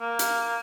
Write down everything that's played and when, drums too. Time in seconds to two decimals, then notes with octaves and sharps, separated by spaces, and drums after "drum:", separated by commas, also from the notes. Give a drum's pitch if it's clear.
0.01 A#3
0.19 drum: hi-hat